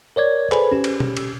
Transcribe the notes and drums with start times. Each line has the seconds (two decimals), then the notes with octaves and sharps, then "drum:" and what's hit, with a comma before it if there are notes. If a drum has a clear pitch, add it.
0.16 A#4 C#5 D5 G#6
0.52 G#4 A4 B4 C5 G#5 B5, drum: clap
0.72 C#4 G4
0.84 drum: cymbal
1.00 drum: tom B2
1.17 drum: cymbal